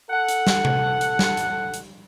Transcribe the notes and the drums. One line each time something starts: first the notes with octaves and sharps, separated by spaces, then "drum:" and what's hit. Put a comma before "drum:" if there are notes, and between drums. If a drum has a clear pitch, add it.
A4 F#5
drum: hi-hat
drum: snare
drum: tom C3
drum: hi-hat
drum: snare
drum: hi-hat
drum: hi-hat